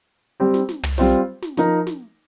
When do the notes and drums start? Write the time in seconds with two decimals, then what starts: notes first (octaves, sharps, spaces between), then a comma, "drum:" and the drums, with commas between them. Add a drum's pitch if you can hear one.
0.40 G3 C4 G4
0.54 drum: snare
0.69 drum: snare
0.83 drum: tom
0.98 G3 C4 F4 C5, drum: snare
1.42 drum: snare
1.57 F3 D#4 A#4, drum: snare
1.87 drum: snare